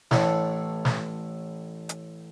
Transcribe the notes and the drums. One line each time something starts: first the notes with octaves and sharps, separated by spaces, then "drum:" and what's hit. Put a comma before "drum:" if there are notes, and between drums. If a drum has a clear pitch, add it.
A1 A2 E3 D4 A4, drum: snare
drum: snare
drum: hi-hat